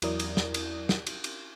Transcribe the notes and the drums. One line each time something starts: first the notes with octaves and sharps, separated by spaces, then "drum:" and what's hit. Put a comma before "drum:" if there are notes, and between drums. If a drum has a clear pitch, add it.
E2 F#3 E4 A#4 D5 D#6, drum: cymbal
drum: cymbal
drum: snare
drum: cymbal
drum: snare
drum: cymbal
drum: cymbal